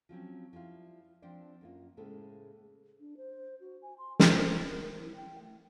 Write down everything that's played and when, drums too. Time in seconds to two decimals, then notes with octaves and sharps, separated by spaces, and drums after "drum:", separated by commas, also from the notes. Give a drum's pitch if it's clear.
0.09 F3 F#3 C4 C#4
0.53 F3 G3 E4 F5
1.22 F3 C4 D4 C5 D5
1.61 F#2 A#3 F4
1.97 A2 C#3 G#3 A#3 A4 C5
3.00 D4
3.17 C5
3.60 F#4
3.82 G#5
3.98 C6
4.19 C5, drum: snare
4.63 A#4
4.98 E4
5.15 G5
5.39 A3